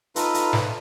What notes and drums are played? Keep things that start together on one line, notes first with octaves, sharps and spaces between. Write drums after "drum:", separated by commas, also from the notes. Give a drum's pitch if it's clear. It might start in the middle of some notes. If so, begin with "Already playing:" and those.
D#4 F4 A4 B4, drum: hi-hat
drum: hi-hat
drum: snare